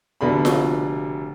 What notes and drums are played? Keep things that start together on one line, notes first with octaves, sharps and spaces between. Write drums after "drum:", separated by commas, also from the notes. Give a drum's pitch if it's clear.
F1 B2 D3 D4 B5
drum: snare F4